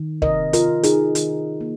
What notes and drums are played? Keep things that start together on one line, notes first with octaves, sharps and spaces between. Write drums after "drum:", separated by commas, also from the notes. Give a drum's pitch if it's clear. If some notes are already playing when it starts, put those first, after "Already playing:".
Already playing: D#3
C3 A#4 D#5, drum: kick
F4 A#4, drum: hi-hat
C3
D#4 G#4, drum: hi-hat
D#3, drum: hi-hat
A#3